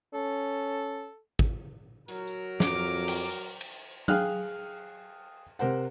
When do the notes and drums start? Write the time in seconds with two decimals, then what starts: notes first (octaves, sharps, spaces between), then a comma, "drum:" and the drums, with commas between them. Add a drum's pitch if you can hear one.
0.14 C#4 A4
1.39 drum: kick G#1
2.08 F#3 A#4, drum: hi-hat
2.27 drum: tambourine
2.60 F2 D6, drum: snare
3.08 drum: cymbal
3.61 drum: cymbal
4.08 G#4 F5 G5 F6 F#6, drum: tom F#3
5.59 C3 A#4 C5 F#5